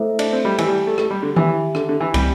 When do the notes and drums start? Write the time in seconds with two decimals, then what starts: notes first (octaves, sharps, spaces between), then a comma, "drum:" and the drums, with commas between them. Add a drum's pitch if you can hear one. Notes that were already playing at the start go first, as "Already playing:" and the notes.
Already playing: A3 E4 A4 C5 E5
0.19 D4, drum: cymbal
0.32 C4
0.45 G3
0.58 E3 G4 D5 A5, drum: cymbal
0.68 G3
0.87 A3
0.98 A3, drum: rim click
1.10 G3
1.23 D3
1.36 E3 E4 G4 E5, drum: tom D#3
1.75 D3, drum: rim click
1.89 D3
2.01 E3
2.14 G3 A3 C4 G4 D5 G5, drum: kick, cymbal